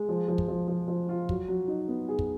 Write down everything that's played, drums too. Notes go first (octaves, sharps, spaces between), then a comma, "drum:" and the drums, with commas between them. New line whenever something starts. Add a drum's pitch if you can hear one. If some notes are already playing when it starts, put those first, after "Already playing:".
Already playing: G#3
F3
F3
drum: kick
F3
F3
F3
F4
F#3, drum: kick
F#3
D#4
B3
G#4
drum: kick